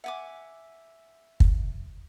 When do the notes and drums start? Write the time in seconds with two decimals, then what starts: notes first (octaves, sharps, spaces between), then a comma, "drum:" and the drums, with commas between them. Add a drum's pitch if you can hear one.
0.04 E5 F#5 G#5 D6
1.40 drum: kick